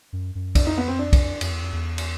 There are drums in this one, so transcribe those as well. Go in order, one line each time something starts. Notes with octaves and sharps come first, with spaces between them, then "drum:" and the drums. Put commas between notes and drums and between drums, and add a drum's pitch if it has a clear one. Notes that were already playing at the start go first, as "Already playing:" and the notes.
F#2
F#2
F2 D4, drum: kick B1, cymbal
D#4
B3
C4
D4
drum: kick B1, cymbal
F2, drum: cymbal
E2
F2
E2
drum: cymbal